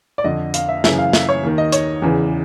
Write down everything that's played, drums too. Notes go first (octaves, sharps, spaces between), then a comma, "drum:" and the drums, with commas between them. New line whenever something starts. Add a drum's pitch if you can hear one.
D5
F2 D3 D#5
F5, drum: hi-hat
E5
F#2 C#3 E3 E5, drum: snare
F5
E5, drum: snare
C#5
D#2 D#3
D#5
C#5, drum: hi-hat
E2 C#3 E3